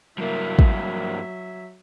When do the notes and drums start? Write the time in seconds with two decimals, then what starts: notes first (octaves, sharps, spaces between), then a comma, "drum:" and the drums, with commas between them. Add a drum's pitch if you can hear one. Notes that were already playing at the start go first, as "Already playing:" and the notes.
0.18 G2 F#3 A#3 E5
0.59 drum: kick